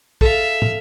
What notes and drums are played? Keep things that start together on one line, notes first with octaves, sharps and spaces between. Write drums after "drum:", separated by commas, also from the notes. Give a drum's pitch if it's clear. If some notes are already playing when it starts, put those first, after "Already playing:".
A4 E5 F5, drum: kick
drum: tom